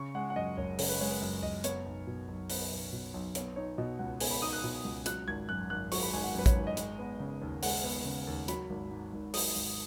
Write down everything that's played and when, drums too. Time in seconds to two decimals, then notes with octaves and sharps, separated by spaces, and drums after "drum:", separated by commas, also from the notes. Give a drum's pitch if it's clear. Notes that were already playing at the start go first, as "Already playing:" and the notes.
Already playing: C#3 C#6
0.15 G#3 F#5
0.30 F#5
0.36 F#2 D#5
0.57 F#1 C#5
0.79 C#3 C#5, drum: open hi-hat
0.89 B4
1.00 G#3 C#5
1.11 B4
1.21 F#2
1.43 F#1 D#5
1.64 B3 C#5, drum: hi-hat
1.86 B1
2.07 B2
2.28 B1
2.50 B3 B4, drum: open hi-hat
2.71 B1
2.93 B2
3.14 B1
3.35 B3 C#5, drum: hi-hat
3.56 D#4 C#5
3.78 B2 D#5
3.99 C#2 F#5
4.20 B3 G#5, drum: open hi-hat
4.31 B5
4.42 D#4 D#6
4.53 F#6
4.64 B2
4.85 C#2
5.06 F#3 F#6, drum: hi-hat
5.28 G#1 G#6
5.49 F#2 F#6
5.70 G#1 F#6
5.92 F#3 C#6, drum: open hi-hat
6.03 B5
6.13 G#1 G#5
6.24 F#5
6.35 F#2 B4
6.46 C#5, drum: kick, hi-hat
6.56 G#1
6.67 D#5
6.77 G#3, drum: hi-hat
6.99 B3
7.20 C#3
7.42 D#2
7.63 G#3 F#5, drum: open hi-hat
7.84 B3
8.05 C#3
8.27 D#2
8.48 F#3 B5, drum: hi-hat
8.70 G#1
8.91 G#2
9.13 G#1
9.34 F#3 D#6, drum: open hi-hat
9.56 G#1